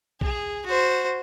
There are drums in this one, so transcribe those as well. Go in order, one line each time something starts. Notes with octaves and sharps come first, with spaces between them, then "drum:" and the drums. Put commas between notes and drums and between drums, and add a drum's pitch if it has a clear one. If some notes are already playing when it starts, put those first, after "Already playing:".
G#4, drum: kick A#1
F#4 C5